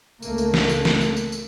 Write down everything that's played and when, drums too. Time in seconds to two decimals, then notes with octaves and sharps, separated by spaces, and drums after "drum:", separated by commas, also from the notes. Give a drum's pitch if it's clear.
0.22 C#2 A3 A#3, drum: tambourine
0.38 drum: tambourine
0.54 drum: snare
0.69 drum: tambourine
0.85 drum: snare
1.01 drum: tambourine
1.17 drum: tambourine
1.32 drum: tambourine